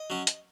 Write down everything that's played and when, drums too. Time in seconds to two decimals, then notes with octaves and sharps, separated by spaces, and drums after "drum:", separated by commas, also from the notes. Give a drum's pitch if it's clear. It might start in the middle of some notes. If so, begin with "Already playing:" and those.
Already playing: D#5
0.10 F#3 C#4
0.27 drum: hi-hat